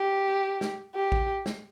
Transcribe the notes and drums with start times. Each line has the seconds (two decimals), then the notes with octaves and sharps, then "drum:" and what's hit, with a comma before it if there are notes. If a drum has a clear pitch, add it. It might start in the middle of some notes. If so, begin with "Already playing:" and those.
Already playing: G4
0.61 drum: snare
0.95 G4
1.12 drum: kick A1
1.46 drum: snare